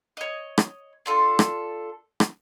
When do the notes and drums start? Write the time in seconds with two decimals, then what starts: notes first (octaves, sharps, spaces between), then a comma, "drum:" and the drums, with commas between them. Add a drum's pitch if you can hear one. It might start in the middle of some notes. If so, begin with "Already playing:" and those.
0.17 C#5 D#5
0.58 drum: rim click
1.06 D4 F4 A4
1.39 drum: rim click
2.20 drum: rim click